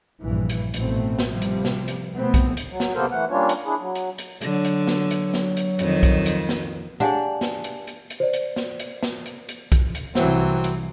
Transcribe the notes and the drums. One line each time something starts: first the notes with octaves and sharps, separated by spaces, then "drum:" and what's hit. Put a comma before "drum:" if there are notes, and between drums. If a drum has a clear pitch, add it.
A#1 G2 E3
drum: hi-hat
A1 B2 A3 C4, drum: hi-hat
drum: snare
C3 F3 G3
drum: hi-hat
drum: snare
drum: hi-hat
B2 A3 B3 C4
drum: kick B1, hi-hat
drum: hi-hat
F#3
drum: snare
C3 A#3 B3 A4 A#4 C5
E3 A3 F#5
G3 A#3 C#4 D4 F4 C#5
drum: hi-hat
D4 E4 G#4
F#3
drum: hi-hat
drum: hi-hat
D3 F#3, drum: hi-hat
drum: hi-hat
drum: snare
drum: hi-hat
drum: snare
drum: hi-hat
F2 D#3, drum: hi-hat
drum: kick B1, hi-hat
drum: hi-hat
drum: snare
D4 G4 G#4 C#5 F5 F#5 G#5
drum: snare
drum: hi-hat
drum: hi-hat
drum: hi-hat
C5 D5
drum: hi-hat
drum: snare
drum: hi-hat
drum: snare
drum: hi-hat
drum: hi-hat
drum: kick B1, hi-hat
drum: hi-hat
C2 E3 F#3 C4, drum: snare
drum: hi-hat